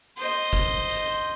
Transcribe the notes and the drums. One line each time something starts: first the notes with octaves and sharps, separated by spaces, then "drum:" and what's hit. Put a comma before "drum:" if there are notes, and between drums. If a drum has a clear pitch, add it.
C5 D#5, drum: hi-hat
drum: kick, hi-hat
drum: hi-hat